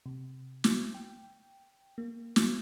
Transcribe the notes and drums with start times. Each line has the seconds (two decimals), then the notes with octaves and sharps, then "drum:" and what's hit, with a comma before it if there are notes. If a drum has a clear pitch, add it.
0.06 C3
0.64 drum: snare
0.95 G5
1.98 A#3
2.36 drum: snare